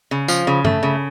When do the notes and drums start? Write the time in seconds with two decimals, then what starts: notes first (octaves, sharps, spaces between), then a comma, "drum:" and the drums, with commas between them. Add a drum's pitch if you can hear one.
0.11 C#3
0.28 F3, drum: tambourine
0.47 C#3
0.65 A3, drum: tom G2
0.83 C#3